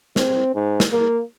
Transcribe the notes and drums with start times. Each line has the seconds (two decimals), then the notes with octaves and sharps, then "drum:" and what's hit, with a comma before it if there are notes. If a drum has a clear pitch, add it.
0.16 C4, drum: snare
0.55 G#2
0.80 drum: snare
0.92 A#3